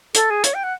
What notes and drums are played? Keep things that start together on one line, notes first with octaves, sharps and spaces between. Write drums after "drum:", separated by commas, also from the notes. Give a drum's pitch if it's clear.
A4, drum: hi-hat
G#4
C#5, drum: hi-hat
G5
F#5